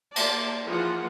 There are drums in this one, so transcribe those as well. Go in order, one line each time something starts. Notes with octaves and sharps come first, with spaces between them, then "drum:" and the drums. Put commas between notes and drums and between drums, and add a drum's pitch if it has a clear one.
A#3 D5 A5, drum: cymbal
E3 F3 A#3 F4 G#4 F#5